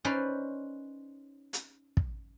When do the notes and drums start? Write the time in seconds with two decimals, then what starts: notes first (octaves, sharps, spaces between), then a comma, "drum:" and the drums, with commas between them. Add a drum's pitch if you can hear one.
0.05 C#4 D#4 B4 C5 D5
1.53 drum: hi-hat
1.97 drum: kick